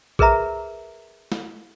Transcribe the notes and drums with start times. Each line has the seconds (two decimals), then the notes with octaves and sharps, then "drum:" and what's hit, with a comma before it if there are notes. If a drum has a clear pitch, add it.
0.19 G#4 A#4 B4 E5 A#5, drum: kick A#1
1.32 drum: snare